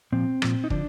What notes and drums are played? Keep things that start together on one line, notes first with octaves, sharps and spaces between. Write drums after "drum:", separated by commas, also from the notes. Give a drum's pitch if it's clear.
A#2 F3 C4
A#2 F3, drum: rim click
D#4
D3 F3 D4, drum: kick